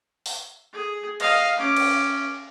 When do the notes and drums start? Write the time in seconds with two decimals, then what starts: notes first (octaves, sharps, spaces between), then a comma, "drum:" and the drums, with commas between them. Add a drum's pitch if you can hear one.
0.26 drum: open hi-hat
0.73 G#4
1.20 D#5 F5, drum: cymbal
1.59 C#4 D6
1.77 drum: cymbal